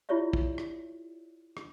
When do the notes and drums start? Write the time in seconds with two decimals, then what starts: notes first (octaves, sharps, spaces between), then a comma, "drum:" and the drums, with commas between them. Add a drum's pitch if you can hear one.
0.09 E4 F4 G4 C#5 D5 E5
0.33 drum: kick
0.58 drum: rim click
1.57 drum: rim click